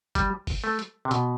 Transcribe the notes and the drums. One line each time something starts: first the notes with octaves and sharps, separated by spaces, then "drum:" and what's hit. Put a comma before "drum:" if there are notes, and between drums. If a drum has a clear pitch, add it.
G3, drum: kick F#1, hi-hat
drum: kick F#1, open hi-hat
A3
drum: hi-hat
C3
B2, drum: hi-hat